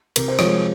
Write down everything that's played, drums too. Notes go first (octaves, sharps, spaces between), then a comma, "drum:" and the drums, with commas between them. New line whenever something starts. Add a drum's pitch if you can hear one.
C3 A#4, drum: cymbal
C5
F3 G#3 C#5, drum: rim click